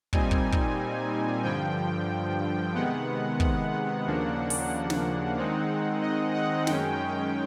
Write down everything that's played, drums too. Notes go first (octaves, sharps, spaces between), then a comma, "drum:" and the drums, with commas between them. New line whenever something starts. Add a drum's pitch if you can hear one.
A#2 G3 C4 D#4 G#5, drum: kick
drum: kick
drum: kick
G2 D3 F3 G5
C3 D#3 G#3 B3 F#5
F#5, drum: kick
D#2 C#3 F3 A#3 D4
drum: open hi-hat
drum: snare
D#3 G#3 C4 D#4
D#5
F#5
F#2 D#3 G#3 C#4 G5, drum: snare
G5